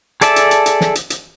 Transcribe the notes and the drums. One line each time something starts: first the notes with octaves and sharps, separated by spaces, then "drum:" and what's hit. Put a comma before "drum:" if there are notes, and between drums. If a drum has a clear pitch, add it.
G#4 A4 D5 E5 A5, drum: hi-hat
drum: hi-hat
drum: hi-hat
drum: hi-hat
drum: snare
drum: hi-hat
drum: hi-hat